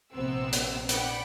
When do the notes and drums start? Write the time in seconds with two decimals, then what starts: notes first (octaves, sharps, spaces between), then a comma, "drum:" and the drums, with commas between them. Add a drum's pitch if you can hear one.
0.13 A#1 C3 B3 C4 E6
0.53 drum: hi-hat
0.89 D5 F#5 G5 B5, drum: hi-hat